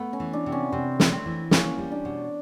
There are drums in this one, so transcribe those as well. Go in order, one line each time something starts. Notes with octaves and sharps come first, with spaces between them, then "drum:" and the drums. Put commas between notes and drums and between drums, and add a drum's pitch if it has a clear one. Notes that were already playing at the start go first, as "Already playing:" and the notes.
Already playing: A3 B3
C#4
E3
D4
C3
C#4
C3 C4
A3, drum: snare
C4
E3
A#3 C#4, drum: snare
G3
D4
B2